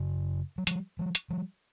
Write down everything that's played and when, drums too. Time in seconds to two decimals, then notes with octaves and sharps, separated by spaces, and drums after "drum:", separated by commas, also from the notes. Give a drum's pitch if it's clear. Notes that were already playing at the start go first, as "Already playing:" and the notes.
Already playing: F#2 C#3
0.58 F#3
0.67 F3 G3, drum: hi-hat
0.99 F3 G3
1.15 drum: hi-hat
1.30 F3 G3